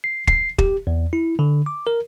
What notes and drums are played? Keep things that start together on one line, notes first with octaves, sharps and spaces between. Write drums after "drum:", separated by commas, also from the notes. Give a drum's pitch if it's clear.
C7
C7, drum: kick
G4, drum: kick
E2
E4
D3
D6
A#4